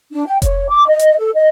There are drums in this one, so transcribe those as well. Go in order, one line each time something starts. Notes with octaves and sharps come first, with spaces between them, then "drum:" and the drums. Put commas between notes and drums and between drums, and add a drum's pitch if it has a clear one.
D4
G5
C#5, drum: kick F1, hi-hat
D6
D#5
drum: hi-hat
A4
D#5